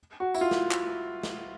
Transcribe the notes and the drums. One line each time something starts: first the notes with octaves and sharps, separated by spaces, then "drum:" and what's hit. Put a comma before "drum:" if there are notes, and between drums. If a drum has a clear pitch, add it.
F#4
E4, drum: tambourine
F4
drum: snare
drum: clap
drum: snare